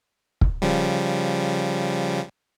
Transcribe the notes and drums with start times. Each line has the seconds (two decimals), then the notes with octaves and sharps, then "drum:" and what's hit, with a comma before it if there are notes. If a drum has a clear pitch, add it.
0.41 drum: kick
0.62 C#3 F3 G3